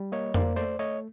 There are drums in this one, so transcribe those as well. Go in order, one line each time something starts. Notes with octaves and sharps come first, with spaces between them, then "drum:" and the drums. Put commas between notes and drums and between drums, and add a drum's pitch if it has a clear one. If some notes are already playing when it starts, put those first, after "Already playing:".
Already playing: G3
A#3 C#5 D#5
A#3 C5 D5, drum: tom F2
A3 C5 D5
A3 C#5 D#5